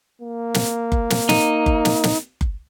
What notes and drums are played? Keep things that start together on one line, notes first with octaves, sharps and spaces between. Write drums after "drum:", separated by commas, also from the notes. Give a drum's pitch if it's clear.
A#3
drum: snare
drum: kick F#1
drum: snare
D#4, drum: snare
drum: kick F#1
drum: snare
drum: snare
drum: kick F#1